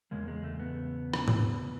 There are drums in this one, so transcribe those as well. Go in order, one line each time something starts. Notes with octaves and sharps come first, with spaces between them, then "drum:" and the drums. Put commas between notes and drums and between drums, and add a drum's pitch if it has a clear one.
E2 C#3 G#3 A#3
G#3
A3
B3
drum: rim click
drum: tom G#2